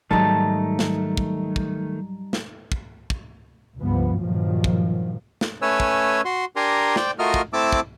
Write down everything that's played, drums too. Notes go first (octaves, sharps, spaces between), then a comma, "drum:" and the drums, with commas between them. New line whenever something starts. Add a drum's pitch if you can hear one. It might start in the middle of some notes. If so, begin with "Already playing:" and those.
G#2 D#3 F#3 G3 A3 D#4 A5 A#5
drum: snare
drum: kick
drum: kick
drum: snare
drum: kick
drum: kick
C#2 G2 F3 B3
G2 A#2 D#3 F3 F#3
drum: kick
drum: snare
A3 C#4 B4 C#5 G#5 E6
drum: kick
F#4 C6
D4 G4 A#4 G#5 A#5 C6
C5 D5 G5, drum: snare
A3 F4 F#4 A#4 D#5 F6
drum: kick
A3 C4 E4 A5 D6 E6
drum: kick